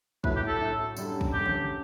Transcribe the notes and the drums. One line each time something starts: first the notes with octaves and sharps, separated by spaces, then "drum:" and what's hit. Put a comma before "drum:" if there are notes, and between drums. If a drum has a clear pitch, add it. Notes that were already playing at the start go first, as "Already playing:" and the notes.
A2 F#3 A3 E4 B4, drum: kick
G4
A4
A2 F#3 A3 E4
F#2 D3 G3, drum: tambourine
drum: kick
F#2 D3 G3 G4
drum: tom C#3